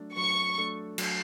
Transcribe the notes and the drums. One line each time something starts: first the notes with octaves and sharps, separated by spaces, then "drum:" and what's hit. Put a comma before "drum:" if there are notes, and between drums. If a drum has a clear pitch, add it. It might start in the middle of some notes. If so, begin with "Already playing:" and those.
Already playing: F#3 A3 D4 A4
F#3 C#6
A3 D4 A4
F#3, drum: cymbal